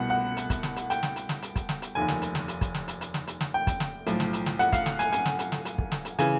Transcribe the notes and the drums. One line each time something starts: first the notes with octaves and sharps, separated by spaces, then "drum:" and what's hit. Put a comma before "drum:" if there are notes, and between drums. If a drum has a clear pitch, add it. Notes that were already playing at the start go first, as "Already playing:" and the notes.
Already playing: C2 B2 F#5
F#5
drum: hi-hat
drum: kick, hi-hat
drum: snare
drum: hi-hat
G5, drum: hi-hat
drum: snare
drum: hi-hat
drum: snare
drum: hi-hat
drum: kick, hi-hat
drum: snare
drum: hi-hat
F1 D#2 D#3 G#5
drum: snare
drum: hi-hat
drum: snare
drum: hi-hat
drum: kick, hi-hat
drum: snare
drum: hi-hat
drum: hi-hat
drum: snare
drum: hi-hat
drum: snare
G5
drum: kick, hi-hat
drum: snare
B1 A2 F3, drum: hi-hat
drum: snare
drum: hi-hat
drum: snare
F#5, drum: hi-hat
F5, drum: kick, hi-hat
drum: snare
G#5, drum: hi-hat
G#5, drum: hi-hat
drum: snare
drum: hi-hat
drum: snare
drum: hi-hat
drum: kick
drum: snare
drum: hi-hat
C#3 E3 G#5, drum: hi-hat